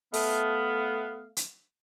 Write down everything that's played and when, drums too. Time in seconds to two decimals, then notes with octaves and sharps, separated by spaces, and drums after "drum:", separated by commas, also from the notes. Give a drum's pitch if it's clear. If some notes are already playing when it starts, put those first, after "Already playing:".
0.14 A3 B3 F5, drum: open hi-hat
1.37 drum: hi-hat